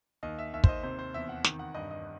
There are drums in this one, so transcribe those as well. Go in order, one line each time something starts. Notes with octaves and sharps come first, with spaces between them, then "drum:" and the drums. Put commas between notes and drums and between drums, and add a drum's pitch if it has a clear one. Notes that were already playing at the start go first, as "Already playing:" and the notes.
D#2 D#5
E5
D#2 E5
C5, drum: kick
D#5
C3 C5
C5
E2 E5
F#5
D#3, drum: snare
F#5
G2 D#5
D#5